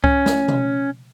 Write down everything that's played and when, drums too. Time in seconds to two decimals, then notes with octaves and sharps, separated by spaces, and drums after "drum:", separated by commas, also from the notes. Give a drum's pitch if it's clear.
0.04 C#4, drum: kick C#2
0.26 drum: snare
0.48 drum: tom B2